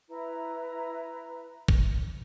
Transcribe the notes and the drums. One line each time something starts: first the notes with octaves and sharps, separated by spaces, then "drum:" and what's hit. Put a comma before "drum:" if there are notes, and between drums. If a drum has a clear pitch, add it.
E4 B4 A#5
drum: kick